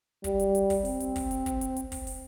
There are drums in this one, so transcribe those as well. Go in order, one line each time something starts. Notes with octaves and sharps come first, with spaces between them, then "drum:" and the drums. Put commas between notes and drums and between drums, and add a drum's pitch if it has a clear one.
G3, drum: kick, hi-hat
drum: hi-hat
drum: hi-hat
drum: kick, open hi-hat
C4, drum: open hi-hat
drum: hi-hat
drum: kick, open hi-hat
drum: hi-hat
drum: kick, hi-hat
drum: hi-hat
drum: hi-hat
drum: kick, open hi-hat
drum: open hi-hat